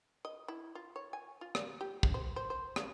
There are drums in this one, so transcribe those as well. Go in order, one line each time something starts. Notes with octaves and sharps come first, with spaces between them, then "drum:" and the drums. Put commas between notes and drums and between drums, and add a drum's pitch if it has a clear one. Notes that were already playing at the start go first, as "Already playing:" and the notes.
D#5
E4
F4
C#5
G#5
F4
drum: rim click
G4
C#3, drum: kick
C5
C5
C5
C#3, drum: rim click